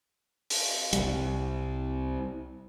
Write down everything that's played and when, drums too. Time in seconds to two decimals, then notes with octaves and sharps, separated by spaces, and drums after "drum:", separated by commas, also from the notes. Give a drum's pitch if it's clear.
0.50 drum: open hi-hat
0.93 C2 G3, drum: hi-hat